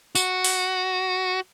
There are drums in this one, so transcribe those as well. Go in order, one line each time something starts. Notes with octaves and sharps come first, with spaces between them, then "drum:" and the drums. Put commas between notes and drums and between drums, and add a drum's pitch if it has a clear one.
F#4, drum: tambourine
drum: open hi-hat